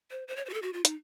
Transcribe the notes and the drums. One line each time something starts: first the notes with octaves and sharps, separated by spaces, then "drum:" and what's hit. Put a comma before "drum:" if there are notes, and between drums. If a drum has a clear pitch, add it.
C5
C5
C#5
C5
F#4
A4
F#4
F4
D#4, drum: hi-hat